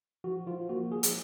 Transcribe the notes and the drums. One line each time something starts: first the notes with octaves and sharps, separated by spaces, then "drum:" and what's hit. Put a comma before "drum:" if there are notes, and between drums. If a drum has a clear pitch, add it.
F3 F#4
F3 F4
A#3 F#4
F3 G#4
drum: hi-hat